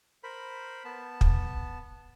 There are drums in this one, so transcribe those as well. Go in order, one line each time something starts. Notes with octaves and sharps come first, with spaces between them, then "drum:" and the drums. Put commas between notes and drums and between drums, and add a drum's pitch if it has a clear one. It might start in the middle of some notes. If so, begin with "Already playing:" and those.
A#4 C5 B5
B3 A5
drum: kick